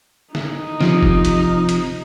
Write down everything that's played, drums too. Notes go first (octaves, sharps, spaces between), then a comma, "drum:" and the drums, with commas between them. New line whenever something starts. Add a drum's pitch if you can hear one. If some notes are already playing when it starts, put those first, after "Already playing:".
D#4, drum: snare
C3 F3, drum: snare
drum: kick F#1
drum: hi-hat
drum: hi-hat